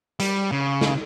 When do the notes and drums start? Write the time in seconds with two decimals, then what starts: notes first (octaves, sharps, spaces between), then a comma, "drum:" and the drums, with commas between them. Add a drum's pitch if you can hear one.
0.20 G3, drum: hi-hat
0.51 C#3
0.81 drum: snare